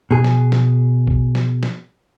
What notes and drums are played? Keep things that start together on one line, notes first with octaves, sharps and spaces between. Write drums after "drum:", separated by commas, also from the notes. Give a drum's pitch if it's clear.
B2 G#4
drum: snare
drum: snare
drum: kick B1
drum: snare
drum: snare